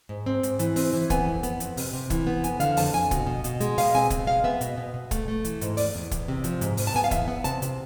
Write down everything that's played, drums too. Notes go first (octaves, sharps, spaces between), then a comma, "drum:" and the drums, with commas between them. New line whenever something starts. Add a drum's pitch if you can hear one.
G#2
C4
G#2, drum: hi-hat
E3, drum: hi-hat
C4, drum: open hi-hat
E3
B3 G#5, drum: kick, hi-hat
F2
B3, drum: hi-hat
F2, drum: hi-hat
C3, drum: open hi-hat
C3
E3, drum: kick, hi-hat
B3
F2 G#5, drum: hi-hat
D3 F5, drum: hi-hat
F2 A5, drum: open hi-hat
F2 G#5
B2, drum: kick, hi-hat
B2
B2, drum: hi-hat
G#3, drum: hi-hat
B2 F5, drum: open hi-hat
C4 G#5
B2, drum: kick, hi-hat
G#3 F5
B3 E5
B2, drum: hi-hat
B2
B2
A3, drum: kick, hi-hat
A3
E3, drum: hi-hat
G#2, drum: hi-hat
E2 D5, drum: open hi-hat
E2
E2, drum: kick, hi-hat
C3
F3, drum: hi-hat
G#2, drum: hi-hat
G#2, drum: open hi-hat
A5
B3 G#5
F5
E2 E5, drum: kick, hi-hat
B3
C3 A5, drum: hi-hat
C3, drum: hi-hat